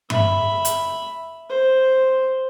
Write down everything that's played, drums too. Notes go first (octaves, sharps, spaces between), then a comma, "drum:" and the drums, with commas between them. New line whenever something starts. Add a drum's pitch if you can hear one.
E5 B5, drum: tom G2
drum: hi-hat
C5